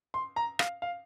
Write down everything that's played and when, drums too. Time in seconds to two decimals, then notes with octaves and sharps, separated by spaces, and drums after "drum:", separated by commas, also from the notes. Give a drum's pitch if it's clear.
0.14 C6
0.36 A#5
0.59 F5, drum: rim click
0.82 F5